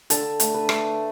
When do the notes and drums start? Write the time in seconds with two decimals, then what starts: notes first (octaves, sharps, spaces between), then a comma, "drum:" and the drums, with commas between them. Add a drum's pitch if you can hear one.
0.10 D3 A4, drum: hi-hat
0.40 A3, drum: hi-hat
0.54 B4
0.69 A3, drum: rim click